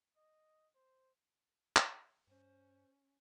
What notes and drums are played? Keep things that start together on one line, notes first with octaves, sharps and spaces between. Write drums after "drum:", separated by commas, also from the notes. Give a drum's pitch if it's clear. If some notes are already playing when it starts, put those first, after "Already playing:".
D#5
C5
drum: clap
G2 C#4 C5